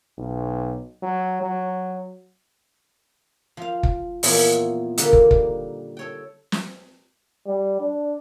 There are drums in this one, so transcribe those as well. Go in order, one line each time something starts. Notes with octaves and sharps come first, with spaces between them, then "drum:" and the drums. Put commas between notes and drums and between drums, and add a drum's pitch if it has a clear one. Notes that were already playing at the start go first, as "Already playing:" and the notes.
B1
F#3
F#3
F3 F5
drum: kick
E2 A#2 F3 B3 E4 C#5, drum: open hi-hat
D3 D#3 G3 A#3, drum: hi-hat
drum: kick
drum: kick
A4 C#5 G5
drum: snare
G3
D4